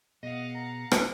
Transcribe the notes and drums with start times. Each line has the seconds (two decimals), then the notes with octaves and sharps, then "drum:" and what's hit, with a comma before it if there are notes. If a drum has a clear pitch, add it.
0.23 B2 B3 G#4 D#5 F5 F#5
0.55 A#5
0.91 drum: rim click